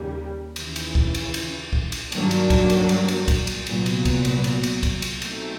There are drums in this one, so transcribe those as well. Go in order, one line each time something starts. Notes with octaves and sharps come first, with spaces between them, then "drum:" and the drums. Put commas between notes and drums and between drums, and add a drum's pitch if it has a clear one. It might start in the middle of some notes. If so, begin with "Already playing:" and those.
Already playing: D#2 C#3 G3 A#3
D#2 C#3 E3, drum: cymbal
drum: cymbal
drum: kick C2
drum: cymbal
drum: cymbal
drum: kick C2
drum: cymbal
G2 D#3 F#3 A#3 D4, drum: cymbal
drum: cymbal
drum: kick C2, cymbal
drum: cymbal
drum: cymbal
drum: cymbal
drum: kick C2, cymbal
drum: cymbal
C2 A#2 F#3 B3, drum: cymbal
drum: cymbal
drum: kick C2, cymbal
drum: cymbal
drum: cymbal
drum: cymbal
drum: kick C2, cymbal
drum: cymbal
B2 F#3 A3 C4 D#4, drum: cymbal